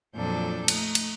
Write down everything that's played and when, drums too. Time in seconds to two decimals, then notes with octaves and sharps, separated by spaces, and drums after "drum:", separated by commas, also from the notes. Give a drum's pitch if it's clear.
0.15 F2 A#2 F#3 D4 A4 G6
0.68 A3 D#4, drum: cymbal
0.95 drum: cymbal